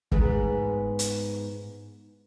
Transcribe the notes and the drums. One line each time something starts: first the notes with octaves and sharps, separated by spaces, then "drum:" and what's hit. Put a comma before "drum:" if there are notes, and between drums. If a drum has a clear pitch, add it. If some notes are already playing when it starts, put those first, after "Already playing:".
G#2 B3 G#4, drum: kick
drum: hi-hat